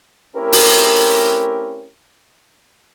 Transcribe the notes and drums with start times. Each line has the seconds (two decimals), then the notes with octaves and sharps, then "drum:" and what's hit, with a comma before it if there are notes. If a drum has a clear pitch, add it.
0.37 A3 C4 C#4 E4 G4 A#4
0.52 drum: open hi-hat